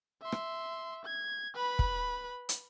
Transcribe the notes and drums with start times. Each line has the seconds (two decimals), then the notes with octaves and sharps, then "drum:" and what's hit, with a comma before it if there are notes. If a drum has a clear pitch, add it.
0.22 E5 C6
0.32 drum: rim click
1.05 G#6
1.55 B4 B5
1.79 drum: kick
2.49 drum: hi-hat